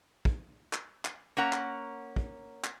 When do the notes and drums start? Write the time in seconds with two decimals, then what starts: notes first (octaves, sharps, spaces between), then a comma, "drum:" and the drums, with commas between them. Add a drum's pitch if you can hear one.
0.25 drum: kick
0.73 drum: clap
1.05 drum: clap
1.37 A#3 C#4 F#5 A#5
1.53 drum: clap
2.16 drum: kick
2.64 drum: clap